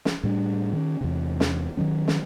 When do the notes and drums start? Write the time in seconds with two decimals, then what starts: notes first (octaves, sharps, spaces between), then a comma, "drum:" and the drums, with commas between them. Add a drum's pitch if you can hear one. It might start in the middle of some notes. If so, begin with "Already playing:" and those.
0.05 drum: snare
0.23 A2 G3 D4
0.73 D#3 C#4
1.01 E2 C3
1.40 drum: snare
1.77 D#3 E3 F#3 C#4
2.08 drum: snare